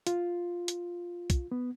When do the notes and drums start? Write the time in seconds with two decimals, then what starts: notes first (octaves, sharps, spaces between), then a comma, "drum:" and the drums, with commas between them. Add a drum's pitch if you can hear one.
0.07 F4, drum: hi-hat
0.68 drum: hi-hat
1.30 drum: kick, hi-hat
1.52 B3